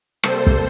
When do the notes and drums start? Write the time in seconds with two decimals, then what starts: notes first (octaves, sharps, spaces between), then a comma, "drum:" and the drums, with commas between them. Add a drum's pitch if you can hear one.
0.23 C3 G3 A#3 A4 C5, drum: rim click
0.47 drum: kick